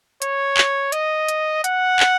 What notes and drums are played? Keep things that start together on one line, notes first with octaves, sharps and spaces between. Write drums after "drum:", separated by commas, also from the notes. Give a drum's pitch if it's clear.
C#5, drum: hi-hat
drum: clap
D#5, drum: hi-hat
drum: hi-hat
F#5, drum: hi-hat
drum: clap